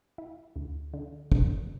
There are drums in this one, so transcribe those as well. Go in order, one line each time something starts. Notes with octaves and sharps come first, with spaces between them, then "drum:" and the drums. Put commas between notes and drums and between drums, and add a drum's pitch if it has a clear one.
E4
D2
D3
D3, drum: kick